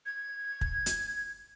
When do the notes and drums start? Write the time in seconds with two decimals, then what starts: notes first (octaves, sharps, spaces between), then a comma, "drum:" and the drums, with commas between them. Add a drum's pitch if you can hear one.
0.06 G#6
0.61 drum: kick
0.86 drum: hi-hat